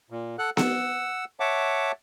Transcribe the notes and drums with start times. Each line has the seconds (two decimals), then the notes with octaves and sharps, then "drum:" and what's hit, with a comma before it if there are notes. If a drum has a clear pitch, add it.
0.10 A#2
0.39 A4 F#5 F#6
0.57 F#5 E6, drum: snare B3
1.40 C#5 E5 F#5 A5 D6